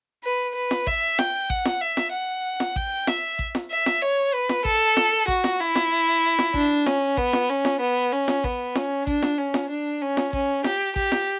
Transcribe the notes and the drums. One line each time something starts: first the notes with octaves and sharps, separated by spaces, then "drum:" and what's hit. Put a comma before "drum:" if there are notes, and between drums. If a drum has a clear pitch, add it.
B4
B4
drum: snare
E5, drum: kick A1
G5, drum: snare
F#5, drum: kick A1
drum: snare
E5
drum: snare
F#5
drum: snare
G5, drum: kick A1
E5, drum: snare
drum: kick A1
drum: snare
E5
drum: snare
C#5
B4
drum: snare
A4, drum: kick A1
drum: snare
F#4, drum: kick A1
drum: snare
E4
drum: snare
drum: snare
D4, drum: kick A1
C#4, drum: snare
B3, drum: kick A1
drum: snare
C#4
drum: snare
B3
C#4
drum: snare
B3, drum: kick A1
C#4, drum: snare
D4, drum: kick A1
drum: snare
C#4
drum: snare
D4
C#4
drum: snare
C#4, drum: kick A1
G4, drum: snare
G4, drum: kick A1
drum: snare